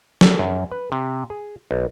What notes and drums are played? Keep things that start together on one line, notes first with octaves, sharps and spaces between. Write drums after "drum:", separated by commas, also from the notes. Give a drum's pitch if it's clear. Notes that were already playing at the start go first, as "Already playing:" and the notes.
A4, drum: snare
F#2
B4
C3
G#4
B1